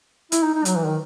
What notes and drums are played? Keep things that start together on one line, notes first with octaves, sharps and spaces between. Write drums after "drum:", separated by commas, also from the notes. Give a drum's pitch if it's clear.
E4, drum: hi-hat
D#4
D#4
F#3, drum: hi-hat
E3
D#3